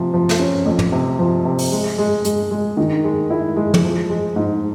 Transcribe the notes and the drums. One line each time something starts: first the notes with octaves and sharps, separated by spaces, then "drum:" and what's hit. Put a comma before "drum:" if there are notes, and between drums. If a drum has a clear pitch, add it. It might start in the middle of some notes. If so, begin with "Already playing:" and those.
Already playing: C3 F3
F3
drum: snare
C#4
F2
drum: tom
C3
F3
C3
drum: open hi-hat
G#3
G#3
G#3, drum: hi-hat
G#3
D#3
G#3
E4
G#3
drum: tom
F3
G#3
G#2